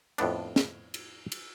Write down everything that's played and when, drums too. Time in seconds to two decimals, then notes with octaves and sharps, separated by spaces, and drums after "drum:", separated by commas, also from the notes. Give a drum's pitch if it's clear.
0.18 F2 A2 B3 D4, drum: cymbal
0.56 drum: snare
0.94 drum: cymbal
1.32 drum: cymbal